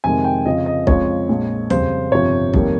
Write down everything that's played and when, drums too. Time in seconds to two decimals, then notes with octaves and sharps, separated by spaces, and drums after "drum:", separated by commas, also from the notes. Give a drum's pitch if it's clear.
0.04 F2 C3 D#3 G#3 G#5
0.24 G5
0.46 F2 C#3 F3 D#5
0.66 D#5
0.87 F2 C#3 F3 G#3 C#5, drum: kick B1
1.29 A#1 A#2 G#3
1.70 F2 C#3 G3 C5, drum: tom D#2
2.12 G1 F2 C3 F3 C#5
2.54 F2 D#3 G3 A#3, drum: kick B1